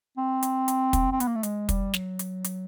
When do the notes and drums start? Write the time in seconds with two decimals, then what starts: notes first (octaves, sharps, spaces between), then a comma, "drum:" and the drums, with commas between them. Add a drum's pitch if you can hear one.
0.18 C4
0.43 drum: hi-hat
0.68 drum: hi-hat
0.93 drum: kick, hi-hat
1.12 C4
1.20 B3, drum: hi-hat
1.28 A#3
1.36 A3
1.43 G#3, drum: hi-hat
1.69 G3, drum: kick, hi-hat
1.94 F#3, drum: snare
2.19 drum: hi-hat
2.44 drum: hi-hat